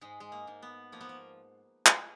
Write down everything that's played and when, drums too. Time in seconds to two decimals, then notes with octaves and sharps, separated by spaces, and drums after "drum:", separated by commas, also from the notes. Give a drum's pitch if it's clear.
0.01 G#2 G#3
0.20 G#3
0.32 A#3
0.47 G#2
0.63 B3
0.92 F3 A#3
1.01 B3
1.09 A#3
1.86 drum: clap